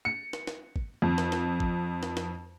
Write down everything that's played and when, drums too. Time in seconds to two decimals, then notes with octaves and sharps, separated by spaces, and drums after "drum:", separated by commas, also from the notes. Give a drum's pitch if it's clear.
0.05 C#7
0.33 drum: snare
0.47 drum: snare
0.76 drum: kick G#1
1.02 F2
1.18 drum: snare
1.32 drum: snare
1.60 drum: kick G#1
2.03 drum: snare
2.17 drum: snare